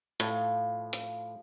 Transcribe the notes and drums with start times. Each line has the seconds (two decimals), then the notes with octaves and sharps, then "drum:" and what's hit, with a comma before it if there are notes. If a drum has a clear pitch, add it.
0.20 A2 F3, drum: hi-hat
0.93 drum: hi-hat